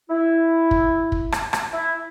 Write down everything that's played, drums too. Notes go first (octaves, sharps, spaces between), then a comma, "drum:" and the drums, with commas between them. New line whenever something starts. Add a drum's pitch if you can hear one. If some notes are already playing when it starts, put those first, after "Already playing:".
E4
drum: kick
drum: kick
drum: rim click
drum: rim click
E4